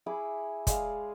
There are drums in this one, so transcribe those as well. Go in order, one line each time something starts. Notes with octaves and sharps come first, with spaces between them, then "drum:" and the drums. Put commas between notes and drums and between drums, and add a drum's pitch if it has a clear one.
E4 G#4 B5 D6
G#3 G#4 D5 F5, drum: kick, hi-hat